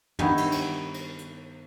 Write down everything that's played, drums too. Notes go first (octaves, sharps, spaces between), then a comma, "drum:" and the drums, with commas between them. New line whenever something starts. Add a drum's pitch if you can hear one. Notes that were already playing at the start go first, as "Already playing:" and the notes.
G2 D#3 B3 E4, drum: tom
drum: cymbal
drum: cymbal
drum: cymbal
drum: hi-hat